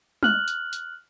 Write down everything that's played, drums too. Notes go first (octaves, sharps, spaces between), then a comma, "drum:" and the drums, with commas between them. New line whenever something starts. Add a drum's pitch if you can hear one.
F6 F#6 F#7, drum: tom
drum: hi-hat
drum: hi-hat